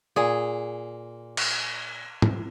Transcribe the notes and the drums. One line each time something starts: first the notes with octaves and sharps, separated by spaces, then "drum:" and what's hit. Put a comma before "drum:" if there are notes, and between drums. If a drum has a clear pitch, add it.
A#2 G#4
drum: cymbal
drum: tom